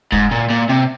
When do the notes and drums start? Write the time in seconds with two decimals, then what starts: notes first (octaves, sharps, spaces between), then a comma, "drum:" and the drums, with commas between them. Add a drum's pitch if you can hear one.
0.12 G#2, drum: kick
0.32 A#2
0.50 A#2
0.69 C3